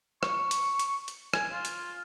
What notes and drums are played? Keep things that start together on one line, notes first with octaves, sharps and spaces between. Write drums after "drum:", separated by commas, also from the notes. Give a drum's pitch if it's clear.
C#6, drum: rim click
drum: hi-hat
drum: hi-hat
drum: hi-hat
G#5, drum: rim click
F4
drum: hi-hat